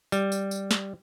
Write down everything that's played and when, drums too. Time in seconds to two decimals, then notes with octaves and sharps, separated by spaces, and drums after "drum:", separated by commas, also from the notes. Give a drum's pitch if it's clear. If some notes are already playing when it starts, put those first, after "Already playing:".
0.12 G3, drum: tambourine
0.32 drum: tambourine
0.51 drum: tambourine
0.71 drum: snare